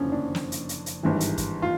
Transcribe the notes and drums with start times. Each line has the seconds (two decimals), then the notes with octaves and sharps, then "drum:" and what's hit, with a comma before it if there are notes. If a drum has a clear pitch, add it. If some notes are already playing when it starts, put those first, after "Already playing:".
Already playing: F#1 F2 D3 F3 C#4
0.12 D4
0.35 drum: snare
0.52 drum: hi-hat
0.69 drum: hi-hat
0.86 drum: hi-hat
1.03 G#1 G2 E3
1.20 drum: hi-hat
1.38 drum: kick, hi-hat
1.62 F4